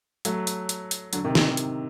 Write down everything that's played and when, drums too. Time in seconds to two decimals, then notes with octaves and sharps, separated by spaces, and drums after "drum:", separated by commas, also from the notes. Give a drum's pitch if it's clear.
0.25 F#3 A3, drum: hi-hat
0.47 drum: hi-hat
0.69 drum: hi-hat
0.91 drum: hi-hat
1.13 D3 F#3, drum: hi-hat
1.24 C3 D#3
1.35 drum: snare
1.57 drum: hi-hat